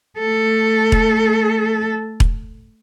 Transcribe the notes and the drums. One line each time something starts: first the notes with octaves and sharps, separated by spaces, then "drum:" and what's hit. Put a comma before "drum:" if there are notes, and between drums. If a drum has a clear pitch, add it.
A3 A4
drum: kick E1
drum: kick E1